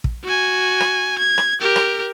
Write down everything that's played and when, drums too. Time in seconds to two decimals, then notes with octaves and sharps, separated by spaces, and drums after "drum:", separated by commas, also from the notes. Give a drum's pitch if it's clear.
0.04 drum: kick
0.24 F#4 G#5
0.80 drum: rim click
1.19 G#6
1.38 drum: rim click
1.61 G4 A#4
1.76 drum: rim click